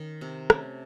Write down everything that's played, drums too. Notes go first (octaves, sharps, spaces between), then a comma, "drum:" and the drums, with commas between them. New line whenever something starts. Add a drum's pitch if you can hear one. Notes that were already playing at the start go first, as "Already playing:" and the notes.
Already playing: D#3 C#4
C3
A3 C#4, drum: rim click